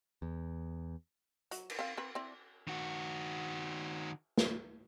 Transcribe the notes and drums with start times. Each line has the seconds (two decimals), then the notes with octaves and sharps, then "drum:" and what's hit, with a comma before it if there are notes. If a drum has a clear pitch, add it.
0.22 E2
1.51 F#3, drum: hi-hat
1.70 drum: cymbal
1.79 C4 F5
1.97 C4 B4
2.15 C4 E4 D5
2.68 D#3 F#4
4.38 drum: snare